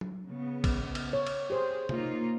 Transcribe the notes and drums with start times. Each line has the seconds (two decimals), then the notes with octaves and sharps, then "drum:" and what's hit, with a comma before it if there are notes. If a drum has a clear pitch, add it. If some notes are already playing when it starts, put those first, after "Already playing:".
0.01 drum: tom F#3
0.28 C#3 B3
0.64 drum: kick, cymbal
0.95 drum: cymbal
1.13 C#5
1.27 drum: cymbal
1.50 G4 G#4 C5
1.89 A#3 D#4 F4, drum: tom C3